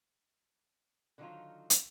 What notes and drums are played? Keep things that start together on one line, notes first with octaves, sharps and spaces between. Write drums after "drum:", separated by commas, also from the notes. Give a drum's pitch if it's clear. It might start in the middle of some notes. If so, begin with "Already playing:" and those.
D3 D#3 F3 F#3 D#4 F4
drum: hi-hat